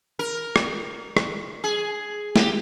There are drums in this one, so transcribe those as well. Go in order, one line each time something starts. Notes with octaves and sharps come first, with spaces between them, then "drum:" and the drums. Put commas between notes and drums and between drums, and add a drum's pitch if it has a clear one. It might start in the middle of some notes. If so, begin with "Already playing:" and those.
A#4
drum: rim click
drum: rim click
G#4
G4, drum: snare